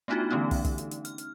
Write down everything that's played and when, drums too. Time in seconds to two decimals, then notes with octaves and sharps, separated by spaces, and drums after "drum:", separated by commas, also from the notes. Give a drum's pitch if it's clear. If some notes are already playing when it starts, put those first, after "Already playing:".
0.08 A3 B3 D4 D#4 F4 F#4
0.31 D3 E3 A3 B3 C#4 D#4
0.51 drum: kick, open hi-hat
0.64 drum: kick, hi-hat
0.78 drum: hi-hat
0.91 drum: hi-hat
1.05 F6, drum: hi-hat
1.18 drum: hi-hat